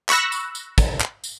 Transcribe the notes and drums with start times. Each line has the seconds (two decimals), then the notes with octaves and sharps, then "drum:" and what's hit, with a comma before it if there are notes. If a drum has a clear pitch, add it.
0.09 B5 C#6 E6 F#6 A#6, drum: clap
0.32 drum: tambourine
0.55 drum: tambourine
0.78 drum: kick, tambourine
1.01 drum: clap
1.24 drum: tambourine